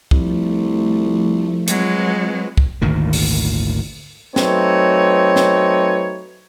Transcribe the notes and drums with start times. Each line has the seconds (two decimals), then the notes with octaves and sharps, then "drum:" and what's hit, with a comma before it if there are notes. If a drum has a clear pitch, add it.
0.11 C2 F3 A3, drum: kick
1.68 F#3 G#3 C4 F4 B4, drum: hi-hat
2.57 drum: kick
2.81 G#1 D2 A#2 D#3
3.13 drum: open hi-hat
4.36 F#3 A3 C4 D#4 B4 C#5, drum: snare
5.36 drum: snare